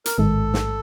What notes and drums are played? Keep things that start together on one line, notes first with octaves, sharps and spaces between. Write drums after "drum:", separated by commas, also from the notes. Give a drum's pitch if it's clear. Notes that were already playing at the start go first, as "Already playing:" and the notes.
A#4, drum: hi-hat
A1 G#2 D#3 G#3 A4
drum: snare